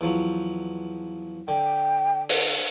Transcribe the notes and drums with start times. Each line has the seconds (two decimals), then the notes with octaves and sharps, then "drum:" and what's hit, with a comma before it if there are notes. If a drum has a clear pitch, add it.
0.01 E2 F3 F#3
1.48 D3 G5
2.29 drum: open hi-hat